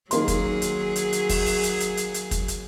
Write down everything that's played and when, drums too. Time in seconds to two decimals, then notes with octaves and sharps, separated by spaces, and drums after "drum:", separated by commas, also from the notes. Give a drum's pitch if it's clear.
0.11 D#3 F#3 A#3 G#4 C6, drum: hi-hat
0.28 drum: kick, hi-hat
0.62 drum: hi-hat
0.96 drum: hi-hat
1.13 drum: hi-hat
1.30 drum: kick, open hi-hat
1.46 drum: open hi-hat
1.63 drum: hi-hat
1.80 drum: hi-hat
1.97 drum: hi-hat
2.14 drum: hi-hat
2.31 drum: kick, hi-hat
2.48 drum: hi-hat